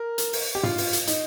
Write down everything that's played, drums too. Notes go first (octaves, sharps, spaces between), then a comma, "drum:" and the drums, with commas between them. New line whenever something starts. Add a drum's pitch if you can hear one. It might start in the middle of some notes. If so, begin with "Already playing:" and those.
Already playing: A#4
drum: hi-hat
drum: open hi-hat
G4
F4, drum: tom
drum: open hi-hat
drum: hi-hat
D#4, drum: hi-hat